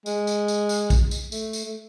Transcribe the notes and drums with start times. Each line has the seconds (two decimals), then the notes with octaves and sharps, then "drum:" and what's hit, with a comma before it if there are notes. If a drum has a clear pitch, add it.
0.06 G#3, drum: tambourine
0.27 drum: tambourine
0.48 drum: tambourine
0.69 drum: tambourine
0.90 drum: kick, tambourine
1.11 drum: tambourine
1.32 A3, drum: tambourine
1.53 drum: tambourine
1.65 A3